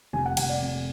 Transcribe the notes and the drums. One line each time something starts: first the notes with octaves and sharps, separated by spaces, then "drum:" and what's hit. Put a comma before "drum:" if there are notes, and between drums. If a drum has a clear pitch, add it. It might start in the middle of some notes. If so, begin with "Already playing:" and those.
F1 G#5
F#5
F1 F#5, drum: cymbal
D5
F2